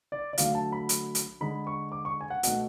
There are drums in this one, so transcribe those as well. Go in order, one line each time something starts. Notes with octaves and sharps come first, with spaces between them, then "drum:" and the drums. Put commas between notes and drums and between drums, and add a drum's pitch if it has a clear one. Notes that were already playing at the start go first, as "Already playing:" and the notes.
D5
D5
D3 F#3 A3 F5, drum: hi-hat
A5
B5
drum: hi-hat
drum: hi-hat
D3 G#3 B5
C#6
D6
C#6
G#5
F#5
B2 A3 F#5, drum: hi-hat